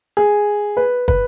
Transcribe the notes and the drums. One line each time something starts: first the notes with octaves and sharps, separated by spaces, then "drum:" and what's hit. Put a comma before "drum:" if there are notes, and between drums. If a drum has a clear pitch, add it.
G#4
B4
B4, drum: kick